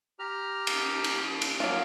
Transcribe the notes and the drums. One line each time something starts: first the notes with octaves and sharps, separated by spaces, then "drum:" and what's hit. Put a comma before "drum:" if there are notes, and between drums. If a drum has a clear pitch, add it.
G4 A#5 F6
drum: cymbal
drum: cymbal
drum: cymbal
F#3 A#3 F4